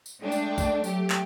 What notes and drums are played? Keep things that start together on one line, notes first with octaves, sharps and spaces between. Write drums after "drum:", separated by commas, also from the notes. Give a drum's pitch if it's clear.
drum: tambourine
G#3 A3 D4 G5
drum: tambourine
drum: kick B1, tambourine
F#3 A3 G4, drum: tambourine
drum: clap